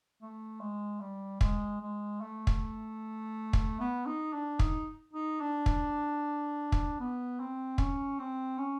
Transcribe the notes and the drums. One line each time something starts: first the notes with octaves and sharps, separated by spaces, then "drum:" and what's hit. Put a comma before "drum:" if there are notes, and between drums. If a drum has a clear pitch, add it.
A3
G#3
G3
G#3, drum: kick
G#3
A3
drum: kick
drum: kick
B3
D#4
D4
D#4, drum: kick
D#4
D4
drum: kick
drum: kick
B3
C4
C#4, drum: kick
C4
C#4